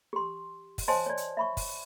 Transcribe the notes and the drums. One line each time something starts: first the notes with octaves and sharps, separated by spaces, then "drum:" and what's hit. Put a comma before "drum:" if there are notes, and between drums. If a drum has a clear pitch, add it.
G4 C6
drum: kick, open hi-hat
C5 C#5 D#5 G#5 A5 C6
C#5 D5
drum: hi-hat
E5 B5 C#6
drum: kick, open hi-hat